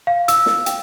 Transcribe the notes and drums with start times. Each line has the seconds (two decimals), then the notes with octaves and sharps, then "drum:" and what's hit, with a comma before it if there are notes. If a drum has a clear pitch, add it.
0.07 F5
0.28 E6, drum: hi-hat
0.46 drum: snare
0.66 G5, drum: hi-hat